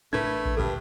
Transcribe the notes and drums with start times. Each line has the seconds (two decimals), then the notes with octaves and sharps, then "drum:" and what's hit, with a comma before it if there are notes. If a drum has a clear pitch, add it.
0.13 A1 A2 A3 D4 A#4 B4 G#6
0.45 drum: kick A1
0.57 D2 G2 A#2 A4